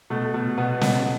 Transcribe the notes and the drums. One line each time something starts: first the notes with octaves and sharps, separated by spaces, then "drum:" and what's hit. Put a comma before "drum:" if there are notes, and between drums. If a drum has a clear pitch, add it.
B2 A3
B2
B2 B3
B2, drum: snare